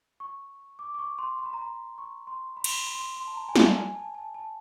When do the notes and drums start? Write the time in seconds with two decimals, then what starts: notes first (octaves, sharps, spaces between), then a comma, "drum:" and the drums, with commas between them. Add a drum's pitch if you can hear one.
0.20 C#6
0.79 D6
0.94 D6
0.99 C#6
1.18 C6
1.39 C6
1.46 B5
1.53 A#5
1.61 B5
1.98 C#6
2.27 C6
2.57 B5
2.64 C6, drum: cymbal
2.72 B5
2.80 C6
2.87 B5
2.95 C6
3.01 B5
3.17 C6
3.27 A5
3.36 A#5
3.49 G#5
3.56 A5, drum: snare
3.76 G#5
3.95 A5
4.14 A5
4.34 A5